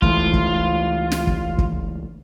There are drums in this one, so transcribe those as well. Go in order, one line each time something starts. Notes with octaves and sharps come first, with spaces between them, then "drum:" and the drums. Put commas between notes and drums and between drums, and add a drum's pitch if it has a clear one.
C#2 E3 A3 F4, drum: kick
drum: kick
drum: snare
drum: kick
drum: kick